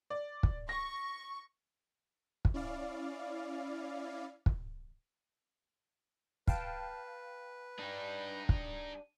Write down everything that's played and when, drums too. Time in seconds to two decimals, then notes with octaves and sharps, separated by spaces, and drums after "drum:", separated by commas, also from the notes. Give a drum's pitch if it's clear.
0.10 D5
0.43 drum: kick
0.69 C#6 A#6
2.45 drum: kick
2.54 C#4 E4 D5 F5
4.46 drum: kick
6.47 B4 F5 G5 A5, drum: kick
7.79 D4 D#4 G4 G#4
8.49 drum: kick